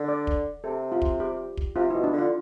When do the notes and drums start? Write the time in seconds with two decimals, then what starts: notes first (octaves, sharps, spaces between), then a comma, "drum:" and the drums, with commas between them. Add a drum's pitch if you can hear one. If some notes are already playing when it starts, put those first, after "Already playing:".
Already playing: D3
0.08 D5
0.27 drum: kick
0.64 C3 A4
0.92 F4
1.02 drum: kick
1.20 G4
1.57 drum: kick
1.76 C3 F4
1.90 E4
1.94 B2
2.04 D4
2.13 D3
2.18 F4